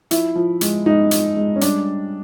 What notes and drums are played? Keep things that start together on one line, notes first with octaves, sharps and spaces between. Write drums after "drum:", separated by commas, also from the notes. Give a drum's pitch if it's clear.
F3 E4, drum: hi-hat
F3
G#3, drum: hi-hat
G#3 D#4
G#3, drum: hi-hat
G#3
C#4
G3 D4, drum: hi-hat